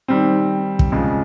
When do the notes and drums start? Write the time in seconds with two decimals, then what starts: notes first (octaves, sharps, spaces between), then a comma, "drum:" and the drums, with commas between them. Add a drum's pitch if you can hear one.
0.08 D#3 G3 C4
0.79 drum: kick
0.92 F2 C#3 F3 G#3